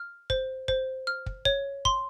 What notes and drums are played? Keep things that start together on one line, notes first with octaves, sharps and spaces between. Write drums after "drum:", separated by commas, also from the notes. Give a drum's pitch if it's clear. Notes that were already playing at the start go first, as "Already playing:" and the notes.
Already playing: F6
C5, drum: kick
C5, drum: kick
F6
drum: kick
C#5, drum: kick
C6, drum: kick